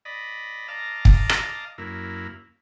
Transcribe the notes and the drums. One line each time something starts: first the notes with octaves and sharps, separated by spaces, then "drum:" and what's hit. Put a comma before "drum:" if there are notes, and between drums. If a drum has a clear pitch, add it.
D5 D#5 B5
D#5 F5 A5 A#5 D6
drum: kick
drum: rim click
F#2 A#3 E4